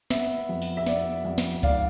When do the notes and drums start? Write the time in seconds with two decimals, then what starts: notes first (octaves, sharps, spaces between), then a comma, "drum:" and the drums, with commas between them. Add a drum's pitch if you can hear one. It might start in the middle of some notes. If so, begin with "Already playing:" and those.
0.10 B3 E5, drum: snare
0.49 F2
0.62 drum: open hi-hat
0.77 E5
0.87 B3 D5, drum: snare
1.25 F2
1.38 drum: snare
1.63 G#2 D5 F5, drum: kick C#2, hi-hat